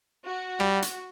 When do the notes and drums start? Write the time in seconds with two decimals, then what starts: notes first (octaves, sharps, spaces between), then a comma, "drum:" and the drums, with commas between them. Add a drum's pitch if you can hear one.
0.27 F#4
0.60 G3, drum: rim click
0.82 drum: hi-hat